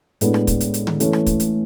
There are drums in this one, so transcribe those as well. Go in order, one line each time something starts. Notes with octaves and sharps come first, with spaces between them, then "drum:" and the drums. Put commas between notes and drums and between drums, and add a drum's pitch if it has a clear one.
A2 G#3 B3 D4, drum: hi-hat
drum: rim click
drum: kick, hi-hat
drum: hi-hat
drum: hi-hat
drum: tom D3
E3 A3 C#4, drum: hi-hat
drum: rim click
drum: kick, hi-hat
drum: hi-hat